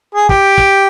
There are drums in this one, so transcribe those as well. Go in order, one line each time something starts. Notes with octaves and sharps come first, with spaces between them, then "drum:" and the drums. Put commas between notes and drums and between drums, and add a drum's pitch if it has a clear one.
G#4
G4, drum: kick
drum: kick